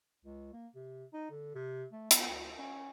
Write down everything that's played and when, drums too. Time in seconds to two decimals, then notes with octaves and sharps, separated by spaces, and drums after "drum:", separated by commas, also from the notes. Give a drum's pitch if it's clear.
0.25 C#2
0.53 A#3
0.75 C3
1.13 D#4
1.30 D3
1.55 C3
1.92 A3
2.11 B3, drum: hi-hat
2.30 D2
2.58 C#4